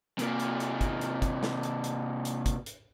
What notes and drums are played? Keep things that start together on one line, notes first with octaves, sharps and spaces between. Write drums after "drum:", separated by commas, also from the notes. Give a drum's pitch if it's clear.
C3 A#3, drum: hi-hat
drum: hi-hat
drum: hi-hat
drum: kick, hi-hat
drum: hi-hat
drum: kick, hi-hat
drum: snare
drum: hi-hat
drum: hi-hat
drum: hi-hat
drum: kick, hi-hat
drum: hi-hat